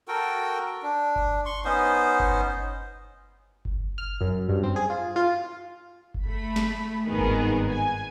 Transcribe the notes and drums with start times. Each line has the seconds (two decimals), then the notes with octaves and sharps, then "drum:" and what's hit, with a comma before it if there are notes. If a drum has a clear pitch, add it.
0.08 F#4 A4 A#4 G5
0.83 D4
1.16 drum: kick G1
1.46 C6 C#6
1.65 B3 C#4 D#4 C5
2.20 drum: kick G1
3.65 drum: kick G1
3.98 F6
4.21 F#2
4.49 G2
4.63 C4
4.76 G#4
4.90 F4
5.16 F4
6.14 drum: kick G1
6.25 A3 B5
6.56 drum: snare
7.05 G#1 G2 D#3 B3 G#4 A#4
7.18 drum: kick G1
7.70 G#5